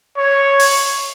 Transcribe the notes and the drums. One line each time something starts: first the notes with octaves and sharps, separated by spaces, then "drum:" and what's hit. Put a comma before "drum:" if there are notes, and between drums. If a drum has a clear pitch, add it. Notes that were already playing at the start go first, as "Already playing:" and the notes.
C#5
drum: open hi-hat